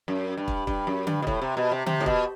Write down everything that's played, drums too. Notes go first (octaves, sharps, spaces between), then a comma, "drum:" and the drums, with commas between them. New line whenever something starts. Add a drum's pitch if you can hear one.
F#2
G2
drum: kick
G2, drum: kick
F#2
G2, drum: tom D3
B2
A2, drum: kick
C3
B2
C3
C3, drum: tom D3
A2
B2, drum: kick